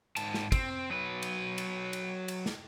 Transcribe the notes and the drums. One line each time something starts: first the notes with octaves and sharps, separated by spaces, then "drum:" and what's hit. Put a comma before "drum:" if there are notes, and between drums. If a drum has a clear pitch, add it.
G#2 A5, drum: cymbal
drum: snare
C4, drum: kick, cymbal
F#3 B4
drum: cymbal
drum: cymbal
drum: cymbal
drum: cymbal
drum: snare